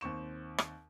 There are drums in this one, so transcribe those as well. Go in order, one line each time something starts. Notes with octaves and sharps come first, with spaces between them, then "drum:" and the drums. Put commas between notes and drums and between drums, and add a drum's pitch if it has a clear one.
D#2 C4 C#6 E7
drum: rim click